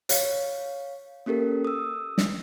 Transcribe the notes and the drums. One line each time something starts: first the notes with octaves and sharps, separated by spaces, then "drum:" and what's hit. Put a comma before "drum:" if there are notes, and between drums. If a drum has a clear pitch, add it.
C#5 F5, drum: hi-hat
A#3 C#4 G4 A4 A#4
D#6 E6
drum: snare